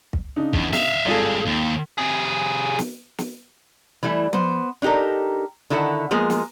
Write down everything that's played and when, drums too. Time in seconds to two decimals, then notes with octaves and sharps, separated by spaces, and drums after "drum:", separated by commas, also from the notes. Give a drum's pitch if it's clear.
0.13 drum: kick
0.36 C#3 D4 D#4
0.53 E2, drum: kick
0.73 E5 F5, drum: snare
1.06 G#1 G3 F4 G#4 A4
1.45 D#2
1.98 C3 G#4
2.79 drum: snare
3.18 drum: snare
4.03 E3 G3 A3 E4
4.33 B3 C5, drum: tom F3
4.82 D4 D#4 G4 A4 A#4
5.70 D3 D#3 E4 A4 E5 F#5
6.11 F3 G#3 A#3 B3 G#4
6.30 drum: snare